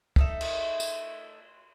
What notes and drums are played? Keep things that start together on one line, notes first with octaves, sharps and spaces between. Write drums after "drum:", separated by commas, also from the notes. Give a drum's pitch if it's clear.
A3 D#4 E5, drum: kick
drum: cymbal
drum: tambourine